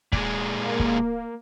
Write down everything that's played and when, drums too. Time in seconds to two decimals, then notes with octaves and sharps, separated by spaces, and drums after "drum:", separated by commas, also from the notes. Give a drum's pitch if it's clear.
0.13 A#2 G#3, drum: kick
0.62 A#3
0.79 drum: kick